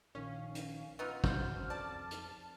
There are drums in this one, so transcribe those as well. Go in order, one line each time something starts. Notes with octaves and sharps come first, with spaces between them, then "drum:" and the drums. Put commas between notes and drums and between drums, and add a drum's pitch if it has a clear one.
A#1 D#3 C#4 F5
drum: hi-hat
B3 D#4 F4 C#6 E6 F6
F#4 C5 F6, drum: kick
F2 D5 A5
drum: hi-hat